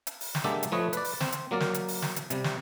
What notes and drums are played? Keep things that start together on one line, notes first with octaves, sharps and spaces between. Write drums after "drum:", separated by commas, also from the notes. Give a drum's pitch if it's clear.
drum: hi-hat
drum: open hi-hat
drum: snare
D3 G#3 A#3 G4 A4 E5
drum: hi-hat
F3 A3 B4 C#5 D#5
B4 D5, drum: hi-hat
drum: open hi-hat
C4, drum: snare
drum: hi-hat
F#3 A#3 A#4 D5
drum: snare
drum: hi-hat
drum: open hi-hat
drum: snare
drum: hi-hat
C3 G3, drum: hi-hat
drum: snare